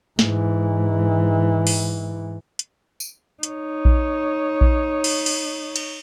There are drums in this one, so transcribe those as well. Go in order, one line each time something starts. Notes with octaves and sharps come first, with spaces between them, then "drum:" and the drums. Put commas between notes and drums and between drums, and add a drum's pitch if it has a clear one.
G#2 E3, drum: snare
drum: open hi-hat
drum: hi-hat
drum: tambourine
D#4 C#5, drum: hi-hat
drum: kick A#1
drum: kick A#1
drum: cymbal
drum: cymbal
drum: cymbal